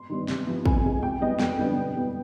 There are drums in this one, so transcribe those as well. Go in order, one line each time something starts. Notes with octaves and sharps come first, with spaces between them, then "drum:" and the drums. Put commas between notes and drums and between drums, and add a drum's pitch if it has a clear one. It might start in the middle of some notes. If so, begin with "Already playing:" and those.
Already playing: C6
D#3 G3 B3
C3, drum: snare
F3 B3
F2 G#5, drum: kick
C3 F3 G#3
C3 G5
G3 B3 D#5
F2 G5, drum: snare
D3 G3 B3
B2
G3 B3